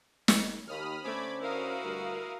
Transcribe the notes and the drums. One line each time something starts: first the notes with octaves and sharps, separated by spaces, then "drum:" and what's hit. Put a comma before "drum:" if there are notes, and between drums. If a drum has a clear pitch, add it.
drum: snare
D#2 B5 D#6 F6
D3 A3 C#4 C5 G#5 B5 D6 G#6
E4 F#4 A#4 F5 D#6
D2 G2